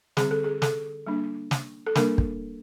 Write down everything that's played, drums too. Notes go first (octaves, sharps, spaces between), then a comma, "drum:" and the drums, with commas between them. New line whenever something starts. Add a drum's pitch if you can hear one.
D3 G3 C4 G#4, drum: snare
A4
G#4
A4, drum: snare
G3 A#3 D4
drum: snare
A4
G3 A#3 D4 A#4, drum: snare
drum: kick